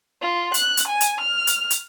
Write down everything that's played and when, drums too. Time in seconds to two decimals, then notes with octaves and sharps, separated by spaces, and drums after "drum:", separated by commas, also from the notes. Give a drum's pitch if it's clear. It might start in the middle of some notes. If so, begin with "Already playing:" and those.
0.21 F4
0.54 F#6, drum: hi-hat
0.77 drum: hi-hat
0.88 G#5
1.01 drum: hi-hat
1.20 F6
1.47 drum: hi-hat
1.70 drum: hi-hat